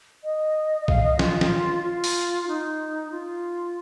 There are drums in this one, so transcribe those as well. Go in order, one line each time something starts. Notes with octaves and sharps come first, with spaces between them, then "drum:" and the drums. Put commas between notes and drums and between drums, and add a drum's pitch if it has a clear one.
D#5
D#5
F5, drum: kick A#1
D#5
F4, drum: snare
drum: snare
F4
drum: open hi-hat
D#4
F4